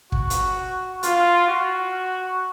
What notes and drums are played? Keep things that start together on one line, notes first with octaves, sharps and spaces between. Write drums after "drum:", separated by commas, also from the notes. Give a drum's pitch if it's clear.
F#4, drum: kick
drum: hi-hat
F4, drum: hi-hat
F#4